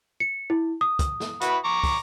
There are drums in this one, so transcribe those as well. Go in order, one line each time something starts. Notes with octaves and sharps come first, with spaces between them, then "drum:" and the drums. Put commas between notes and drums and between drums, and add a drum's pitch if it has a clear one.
C#7
E4
D#6
drum: kick, hi-hat
drum: snare
E4 F#4 B4, drum: hi-hat
A#5 C#6 D6
drum: kick, open hi-hat